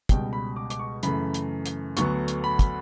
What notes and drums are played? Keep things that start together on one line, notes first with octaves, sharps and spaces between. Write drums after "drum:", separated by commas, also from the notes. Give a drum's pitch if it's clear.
C#2 B2 G3 G5, drum: kick, hi-hat
B5
D6
D6, drum: hi-hat
C#6
F#2 C#3 E3 A3 B5, drum: hi-hat
drum: hi-hat
drum: hi-hat
D2 D3 F#3 B3 C#6, drum: hi-hat
drum: hi-hat
B5
drum: kick, hi-hat